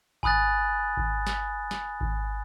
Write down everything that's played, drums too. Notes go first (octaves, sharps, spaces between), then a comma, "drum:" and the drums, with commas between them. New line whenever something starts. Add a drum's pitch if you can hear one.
G#5 B5 D#6 F#6 A6, drum: kick G#1
drum: kick G#1
drum: snare
drum: snare
drum: kick G#1